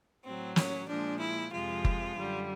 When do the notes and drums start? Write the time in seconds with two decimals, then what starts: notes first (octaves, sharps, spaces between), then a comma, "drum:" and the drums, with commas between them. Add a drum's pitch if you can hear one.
0.24 A2 F#3 C4
0.56 C#4, drum: snare
0.88 A#2 F3 G#3 D4
1.20 E4
1.52 F2 C3 F3 G#3 F4
1.85 drum: kick F#1
2.17 F#2 D3 G3